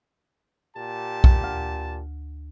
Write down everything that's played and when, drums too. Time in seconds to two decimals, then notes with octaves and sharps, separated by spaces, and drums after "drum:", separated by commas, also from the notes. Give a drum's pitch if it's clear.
0.77 A#2 G4 A5
1.24 drum: kick B1
1.44 D2